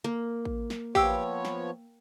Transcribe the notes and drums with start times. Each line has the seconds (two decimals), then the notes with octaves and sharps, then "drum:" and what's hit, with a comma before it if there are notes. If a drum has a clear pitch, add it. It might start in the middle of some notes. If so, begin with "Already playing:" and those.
0.04 A#3
0.45 drum: kick A1
0.70 drum: snare
0.95 F3 B3 G4 C#5 F5 G5 E6, drum: kick A1
1.45 drum: snare